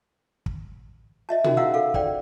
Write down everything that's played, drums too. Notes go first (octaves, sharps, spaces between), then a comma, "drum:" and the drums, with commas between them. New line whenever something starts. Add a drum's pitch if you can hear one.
drum: kick
D#5 E5 A5
C#4 D#4 F#4 G#4 A#4, drum: tom B2
E4 F5 F#5 E6
A4 F5
C5 D5 G5, drum: kick